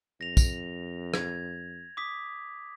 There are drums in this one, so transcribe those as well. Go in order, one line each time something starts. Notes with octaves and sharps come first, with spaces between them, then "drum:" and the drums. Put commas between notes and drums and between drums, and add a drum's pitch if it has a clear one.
F2 A#6 F7
drum: kick, tambourine
G#6, drum: rim click
D6 D#6 B6